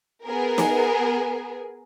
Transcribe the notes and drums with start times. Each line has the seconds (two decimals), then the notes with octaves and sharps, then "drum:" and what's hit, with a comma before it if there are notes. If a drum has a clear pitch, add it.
0.25 B3 G#4 A#4
0.58 drum: snare